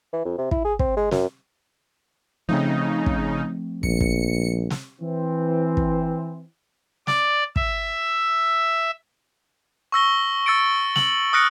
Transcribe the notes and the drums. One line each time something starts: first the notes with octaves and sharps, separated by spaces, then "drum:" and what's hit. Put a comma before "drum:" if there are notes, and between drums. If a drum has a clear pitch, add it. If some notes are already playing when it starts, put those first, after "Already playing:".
E3
F2
C3
E4, drum: kick
G#4
C4, drum: kick
G#3
F#2, drum: snare
C#3 F3 A3 C4 D#4
drum: kick
A#1 C#7, drum: kick
drum: kick
drum: snare
E3 C4
drum: kick
D5, drum: snare
E5, drum: kick
C#6 E6 A#6 G7
E6 A6 C#7 D7
F#7, drum: snare
D#6 F6 F#6 A#6 C#7 D7